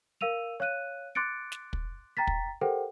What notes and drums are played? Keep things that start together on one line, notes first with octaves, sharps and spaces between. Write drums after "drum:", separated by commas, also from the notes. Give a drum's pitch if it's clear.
A#4 F5 E6 D#7 F7
C#5 F5 F#6 D#7
C6 D6 F#6 A6 C#7 D7
drum: snare
drum: kick
G5 A#5 A6 B6
drum: kick
G4 A4 A#4 C5 F#5 G5